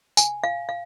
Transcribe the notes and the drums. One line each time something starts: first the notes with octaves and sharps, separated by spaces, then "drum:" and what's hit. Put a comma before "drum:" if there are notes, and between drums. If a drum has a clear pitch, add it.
G#5, drum: tambourine
F5
F5